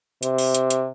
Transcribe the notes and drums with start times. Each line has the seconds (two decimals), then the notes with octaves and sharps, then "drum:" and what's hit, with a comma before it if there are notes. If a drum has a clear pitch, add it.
0.23 C3, drum: hi-hat
0.38 drum: open hi-hat
0.54 drum: hi-hat
0.70 drum: hi-hat